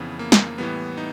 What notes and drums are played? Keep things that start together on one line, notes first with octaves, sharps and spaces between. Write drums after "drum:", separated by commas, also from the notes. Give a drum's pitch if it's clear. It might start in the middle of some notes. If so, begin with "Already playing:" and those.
Already playing: F2 C#3 E3 B3
A#3
drum: snare
A2 E3 G3 B3
D#4